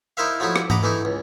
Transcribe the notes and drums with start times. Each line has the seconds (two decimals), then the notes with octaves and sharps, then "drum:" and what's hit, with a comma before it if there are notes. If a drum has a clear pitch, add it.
0.17 D#4 E4 A#4 C5 E5 F5
0.40 F3 F#3 A3 D#4 E4
0.56 drum: rim click
0.70 D#5 F#5 A#5 B5 D6, drum: tom G#2
0.83 E3 A3 D#4 E4
1.05 C#2